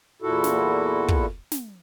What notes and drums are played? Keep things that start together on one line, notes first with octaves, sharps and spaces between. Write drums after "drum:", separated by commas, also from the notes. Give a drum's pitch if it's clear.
E2 A#2 E4 F#4 A4
drum: snare
drum: kick
drum: snare